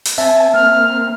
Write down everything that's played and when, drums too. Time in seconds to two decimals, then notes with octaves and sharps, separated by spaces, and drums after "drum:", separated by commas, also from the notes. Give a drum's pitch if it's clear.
0.05 drum: open hi-hat
0.18 C4 E5 G#5 A5
0.54 A#3 C4 F6